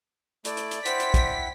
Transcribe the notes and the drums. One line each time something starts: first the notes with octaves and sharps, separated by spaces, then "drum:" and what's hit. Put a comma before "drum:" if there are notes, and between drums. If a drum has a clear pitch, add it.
A3 E4 D5, drum: hi-hat
drum: hi-hat
drum: hi-hat
E4 C5 F#5 G5 B6, drum: hi-hat
drum: hi-hat
drum: kick, hi-hat